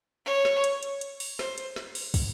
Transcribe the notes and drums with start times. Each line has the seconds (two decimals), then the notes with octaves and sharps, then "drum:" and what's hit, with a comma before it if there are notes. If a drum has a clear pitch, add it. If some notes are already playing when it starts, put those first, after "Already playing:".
0.26 C#5
0.45 drum: snare
0.64 drum: hi-hat
0.83 drum: hi-hat
1.01 drum: hi-hat
1.20 drum: open hi-hat
1.39 C5, drum: snare
1.58 drum: hi-hat
1.76 drum: snare
1.95 drum: open hi-hat
2.14 drum: kick, open hi-hat